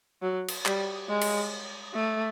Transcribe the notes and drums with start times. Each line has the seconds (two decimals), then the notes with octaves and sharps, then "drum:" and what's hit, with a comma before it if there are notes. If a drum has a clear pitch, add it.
0.22 F#3
0.48 drum: cymbal
0.66 G3, drum: clap
1.09 G#3
1.21 drum: cymbal
1.94 A3